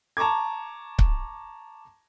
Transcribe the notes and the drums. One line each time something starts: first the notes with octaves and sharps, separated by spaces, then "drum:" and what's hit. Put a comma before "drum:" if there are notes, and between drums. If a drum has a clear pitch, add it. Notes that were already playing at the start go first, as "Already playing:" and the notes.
A5 A#5 C#6 D6 G#6
drum: kick C#1